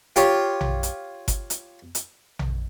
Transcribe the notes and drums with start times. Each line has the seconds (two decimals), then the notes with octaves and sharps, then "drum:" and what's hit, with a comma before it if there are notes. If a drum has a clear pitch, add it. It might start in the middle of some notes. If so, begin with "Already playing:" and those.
0.16 F4 G4 C#5, drum: hi-hat
0.61 drum: tom A#1
0.83 drum: hi-hat
1.28 drum: kick G1, hi-hat
1.50 drum: hi-hat
1.95 drum: hi-hat
2.39 drum: tom A#1